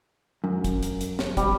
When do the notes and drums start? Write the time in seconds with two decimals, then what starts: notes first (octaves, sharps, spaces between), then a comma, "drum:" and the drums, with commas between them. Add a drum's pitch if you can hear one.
0.44 F#2
0.64 drum: kick, hi-hat
0.83 drum: hi-hat
1.01 drum: hi-hat
1.19 drum: snare
1.37 G3, drum: kick, hi-hat